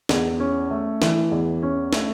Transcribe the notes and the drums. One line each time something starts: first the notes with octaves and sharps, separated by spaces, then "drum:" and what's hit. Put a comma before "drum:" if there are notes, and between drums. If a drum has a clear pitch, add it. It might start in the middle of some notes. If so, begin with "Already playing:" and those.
E2, drum: snare
C#4
A3
E3, drum: snare
E2
C#4
A3, drum: snare